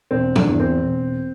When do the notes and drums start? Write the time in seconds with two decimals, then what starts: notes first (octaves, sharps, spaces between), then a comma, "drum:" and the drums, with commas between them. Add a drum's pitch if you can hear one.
0.11 E1 C4
0.36 D4, drum: tom G2
0.47 E2 E3
0.60 C4
0.83 E1